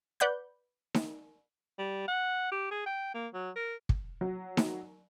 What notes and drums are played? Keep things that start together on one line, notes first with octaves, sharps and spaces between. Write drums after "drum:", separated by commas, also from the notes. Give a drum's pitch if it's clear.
B4 D5 F#5 B5 G6
drum: snare D#4
G3
F#5
G4
G#4
G5
A#3
F#3
A#4
drum: kick
F#3
drum: snare D#4